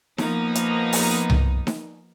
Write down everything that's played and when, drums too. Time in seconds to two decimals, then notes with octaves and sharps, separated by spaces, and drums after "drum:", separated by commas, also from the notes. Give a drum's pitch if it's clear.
0.18 F3 A#3 B3 D#4, drum: snare D#4
0.55 drum: hi-hat
0.93 drum: open hi-hat
1.30 drum: tom C2
1.67 drum: snare D#4